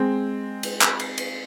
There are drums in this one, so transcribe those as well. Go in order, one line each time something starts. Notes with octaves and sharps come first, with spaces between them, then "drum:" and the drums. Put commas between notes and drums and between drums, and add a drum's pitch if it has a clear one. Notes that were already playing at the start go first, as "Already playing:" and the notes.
Already playing: G#3 C4
drum: cymbal
drum: clap
drum: cymbal
drum: cymbal